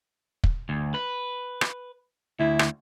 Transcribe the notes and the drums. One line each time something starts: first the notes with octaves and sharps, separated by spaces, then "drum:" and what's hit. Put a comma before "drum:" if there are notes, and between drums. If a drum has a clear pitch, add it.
drum: kick
D2
B4
drum: rim click
D2 E4
drum: rim click